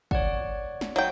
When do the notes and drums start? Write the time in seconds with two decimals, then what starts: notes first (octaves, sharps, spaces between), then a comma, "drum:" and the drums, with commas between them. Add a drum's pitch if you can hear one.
0.11 C#5 D5 F#5, drum: kick
0.81 drum: snare
0.96 F#3 G5